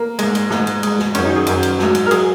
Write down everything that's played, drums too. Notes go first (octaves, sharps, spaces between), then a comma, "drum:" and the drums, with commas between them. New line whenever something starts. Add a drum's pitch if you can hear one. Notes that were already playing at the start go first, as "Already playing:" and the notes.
Already playing: A#3
G#2 G#3, drum: cymbal
drum: cymbal
G#2 G#3, drum: snare
drum: cymbal
G#2 G#3, drum: cymbal
drum: snare
F#2 D#3 F#3 C#4, drum: cymbal
D#4
G#4
F#2 D#3 F#3, drum: cymbal
drum: cymbal
G#2 F#3, drum: snare
drum: cymbal
A#4
F#3 G#4, drum: cymbal